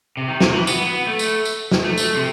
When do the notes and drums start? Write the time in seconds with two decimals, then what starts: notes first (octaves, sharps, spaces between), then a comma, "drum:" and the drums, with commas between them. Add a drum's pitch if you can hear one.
0.17 C3
0.28 D#3
0.40 C3, drum: snare
0.53 E3
0.67 B3, drum: tambourine
0.86 B3
1.07 A3
1.19 drum: tambourine
1.45 drum: tambourine
1.71 drum: snare
1.84 A3
1.97 drum: tambourine
2.15 C3